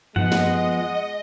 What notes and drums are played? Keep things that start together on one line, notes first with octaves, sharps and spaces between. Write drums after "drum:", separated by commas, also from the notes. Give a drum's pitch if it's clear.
F3 G#3 B3 D#5 F#5, drum: tom G2
drum: snare